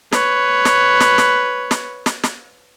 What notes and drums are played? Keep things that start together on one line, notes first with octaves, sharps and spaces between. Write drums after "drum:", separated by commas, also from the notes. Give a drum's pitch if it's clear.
B4 C#5, drum: snare
drum: snare
drum: snare
drum: snare
drum: snare
drum: snare
drum: snare